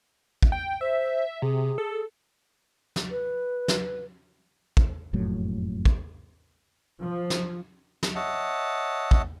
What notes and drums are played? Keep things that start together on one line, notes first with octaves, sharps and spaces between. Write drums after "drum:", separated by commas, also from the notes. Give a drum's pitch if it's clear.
drum: kick
G5
C5 E5
C3 G#4
A4
drum: snare
B4
drum: snare
drum: kick
F#1 F2 A2 F#3
drum: kick
F3
drum: snare
drum: snare
C#5 D#5 E5 F#5 A5
drum: kick